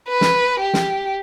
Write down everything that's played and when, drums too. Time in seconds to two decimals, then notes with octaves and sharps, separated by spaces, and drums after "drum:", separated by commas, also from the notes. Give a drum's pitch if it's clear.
0.09 B4
0.21 drum: snare
0.60 G4
0.74 drum: snare